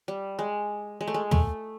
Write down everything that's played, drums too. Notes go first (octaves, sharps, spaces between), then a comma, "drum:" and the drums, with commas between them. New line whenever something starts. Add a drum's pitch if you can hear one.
G3
G#3
G#3
A3
G#3
A3, drum: tom